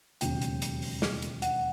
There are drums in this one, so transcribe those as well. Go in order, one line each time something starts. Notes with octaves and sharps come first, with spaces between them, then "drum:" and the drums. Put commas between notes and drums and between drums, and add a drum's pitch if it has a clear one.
E1 D#2 C#3 F#3 G5, drum: hi-hat
drum: hi-hat
drum: hi-hat
drum: open hi-hat
drum: snare
drum: hi-hat
F#5, drum: hi-hat